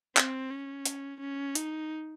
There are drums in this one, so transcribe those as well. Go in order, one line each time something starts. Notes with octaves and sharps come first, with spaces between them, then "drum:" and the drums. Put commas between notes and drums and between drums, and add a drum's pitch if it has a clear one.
C4, drum: clap
C#4
drum: hi-hat
C#4
D#4, drum: hi-hat